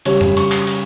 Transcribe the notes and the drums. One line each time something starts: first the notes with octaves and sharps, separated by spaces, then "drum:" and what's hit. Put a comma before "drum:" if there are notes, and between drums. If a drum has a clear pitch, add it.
C#3 G3 C#4 C#5, drum: cymbal
drum: tom F2
C#6, drum: cymbal
drum: clap
drum: cymbal